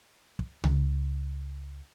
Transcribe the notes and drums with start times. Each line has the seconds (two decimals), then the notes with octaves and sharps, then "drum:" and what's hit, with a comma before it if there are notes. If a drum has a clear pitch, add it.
0.39 drum: kick
0.64 C#2, drum: tom C#3